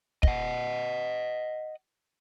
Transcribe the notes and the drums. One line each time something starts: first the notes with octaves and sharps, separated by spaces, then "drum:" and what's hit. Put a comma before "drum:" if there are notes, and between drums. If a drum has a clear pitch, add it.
D#5 F#5, drum: kick